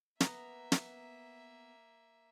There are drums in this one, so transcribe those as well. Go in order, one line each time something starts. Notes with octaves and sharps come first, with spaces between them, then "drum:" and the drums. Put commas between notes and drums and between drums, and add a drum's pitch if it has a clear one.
A#3 B3 E5 A#5, drum: snare
drum: snare